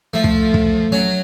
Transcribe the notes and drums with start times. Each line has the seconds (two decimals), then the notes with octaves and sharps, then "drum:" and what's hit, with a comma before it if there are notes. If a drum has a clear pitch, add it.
0.14 F3 A3
0.24 drum: kick
0.54 drum: kick
0.92 F#3 C#4